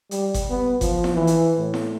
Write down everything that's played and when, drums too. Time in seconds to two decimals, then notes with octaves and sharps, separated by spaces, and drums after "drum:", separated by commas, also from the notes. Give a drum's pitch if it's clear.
0.11 G3, drum: hi-hat
0.34 drum: kick F#1, hi-hat
0.50 B3
0.81 F3, drum: kick F#1, hi-hat
1.04 drum: snare E4
1.15 E3
1.27 drum: hi-hat
1.58 A2
1.74 drum: snare E4